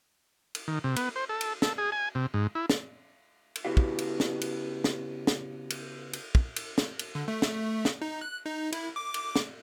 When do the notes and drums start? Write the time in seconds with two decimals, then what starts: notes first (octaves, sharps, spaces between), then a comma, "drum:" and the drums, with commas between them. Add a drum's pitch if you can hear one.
0.55 drum: cymbal
0.68 D#3
0.84 C3
0.96 B3, drum: cymbal
1.16 C5
1.29 A4
1.41 drum: cymbal
1.62 A4, drum: snare
1.78 G#4
1.92 G#5
2.15 C3
2.34 G#2
2.55 E4
2.70 drum: snare
3.55 drum: cymbal
3.65 C#3 B3 E4 F#4 G4 F5
3.77 drum: kick
3.98 drum: cymbal
4.20 drum: snare
4.41 drum: cymbal
4.84 drum: snare
5.27 drum: snare
5.70 drum: cymbal
6.13 drum: cymbal
6.35 drum: kick
6.56 drum: cymbal
6.78 drum: snare
6.99 drum: cymbal
7.15 D3
7.28 A3
7.42 drum: snare
7.85 drum: snare
8.02 D#4
8.21 F#6
8.45 D#4
8.72 E4, drum: cymbal
8.96 D6
9.14 drum: cymbal
9.36 drum: snare